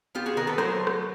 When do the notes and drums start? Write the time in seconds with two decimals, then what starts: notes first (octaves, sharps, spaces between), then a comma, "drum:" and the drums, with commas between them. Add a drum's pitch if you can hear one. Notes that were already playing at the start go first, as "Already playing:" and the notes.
0.15 B3 F4 G4
0.26 F#4 G#4
0.37 D#3 G#4 A#4
0.47 A4 B4
0.58 F#3 A#4 C5, drum: rim click
0.87 drum: rim click